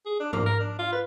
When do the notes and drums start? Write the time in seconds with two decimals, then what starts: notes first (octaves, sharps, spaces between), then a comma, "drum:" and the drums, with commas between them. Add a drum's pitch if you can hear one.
0.06 G#4
0.20 D4
0.33 A#3, drum: tom
0.46 A#4
0.60 D4
0.79 F4
0.92 B4